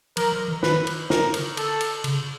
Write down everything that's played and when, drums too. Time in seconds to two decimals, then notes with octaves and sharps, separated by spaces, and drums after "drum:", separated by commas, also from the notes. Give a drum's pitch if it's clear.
0.17 F3 A#4, drum: cymbal
0.32 F3
0.48 E3
0.63 D#3 B4, drum: snare
0.87 drum: cymbal
1.10 D3 A#4, drum: snare
1.34 drum: cymbal
1.57 A4, drum: cymbal
1.81 drum: cymbal
2.04 C#3, drum: cymbal